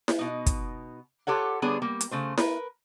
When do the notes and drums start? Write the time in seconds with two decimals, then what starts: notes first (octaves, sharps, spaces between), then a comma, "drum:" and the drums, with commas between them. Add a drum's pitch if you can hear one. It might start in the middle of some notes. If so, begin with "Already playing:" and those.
0.08 drum: snare E4
0.19 B2 D#4
0.46 drum: kick, hi-hat
1.27 F4 G4 A4 C#5 F#5
1.62 D3 G3 B3 D4 G#4 C#5
1.82 G3 A#3
2.01 drum: hi-hat
2.11 C#3 A3 C5
2.37 A#4 B4, drum: snare E4